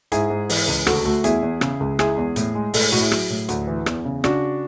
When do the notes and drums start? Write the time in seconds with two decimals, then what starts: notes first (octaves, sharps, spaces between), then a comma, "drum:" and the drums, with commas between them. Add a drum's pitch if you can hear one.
0.12 G#2 E4 G#4, drum: hi-hat
0.30 G#2
0.49 E3, drum: open hi-hat
0.68 C#2
0.86 D2 F#4 A4, drum: rim click
1.05 A3 F#4 A4
1.24 E2 E4 G#4, drum: hi-hat
1.43 E2
1.61 C#3, drum: rim click
1.80 C#2
1.99 G#3 E4 G#4, drum: rim click
2.17 E2
2.36 A2, drum: hi-hat
2.55 G#3
2.74 A2 A4, drum: open hi-hat
2.83 G#4
2.92 A2 F#4
3.01 E4 G#4
3.12 F#3, drum: rim click
3.30 A2
3.49 D2, drum: hi-hat
3.67 E3
3.86 E2, drum: rim click
4.05 C#3
4.24 C#3 D4 F#4, drum: rim click